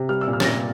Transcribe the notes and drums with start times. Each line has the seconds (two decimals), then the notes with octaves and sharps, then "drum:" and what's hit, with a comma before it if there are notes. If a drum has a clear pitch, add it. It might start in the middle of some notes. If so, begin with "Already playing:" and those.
Already playing: C3
0.09 G3 F6
0.21 E6
0.27 A#2
0.33 F6
0.40 A6, drum: snare
0.45 A#2 A#6